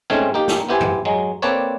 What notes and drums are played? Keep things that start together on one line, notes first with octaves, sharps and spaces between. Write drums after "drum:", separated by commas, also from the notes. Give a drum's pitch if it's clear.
G#2 G#3 A3 C4 C#4 G#5
A#3 D#4 G4
drum: snare
B3 E4 G4 C5 G#5
drum: tom F#2
F#3 G#3
A#3 C4 A4 B4 C#5 D5